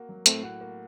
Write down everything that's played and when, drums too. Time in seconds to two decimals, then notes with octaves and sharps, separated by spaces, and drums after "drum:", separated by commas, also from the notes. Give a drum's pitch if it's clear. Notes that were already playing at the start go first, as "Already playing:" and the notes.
Already playing: A#3 F#4
0.09 F#3
0.26 A2 A3 C4, drum: hi-hat
0.43 F#4
0.61 A#3